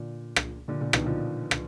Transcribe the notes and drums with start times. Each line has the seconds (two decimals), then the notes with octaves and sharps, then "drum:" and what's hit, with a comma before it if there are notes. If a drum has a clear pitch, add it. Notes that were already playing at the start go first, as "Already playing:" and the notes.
Already playing: A#2 D3
0.36 drum: rim click
0.68 A#2 D3
0.81 A#2 D3
0.93 B2 D#3, drum: rim click
1.06 D3 F3
1.51 drum: rim click